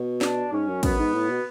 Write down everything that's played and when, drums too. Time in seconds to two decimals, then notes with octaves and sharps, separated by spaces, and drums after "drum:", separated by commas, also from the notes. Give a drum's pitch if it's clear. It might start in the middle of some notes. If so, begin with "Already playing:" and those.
Already playing: B2
0.21 D4, drum: snare
0.52 G#2 C#4
0.68 F#2
0.83 F#2 B3, drum: kick, cymbal
0.98 G#2
1.14 A2
1.30 B2